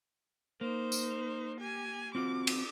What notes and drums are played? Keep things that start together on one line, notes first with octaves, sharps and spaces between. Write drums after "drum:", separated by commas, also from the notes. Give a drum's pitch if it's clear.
A#3 D#4 C5
drum: tambourine
G4 G#5
C4 F4 F#4 D6
drum: cymbal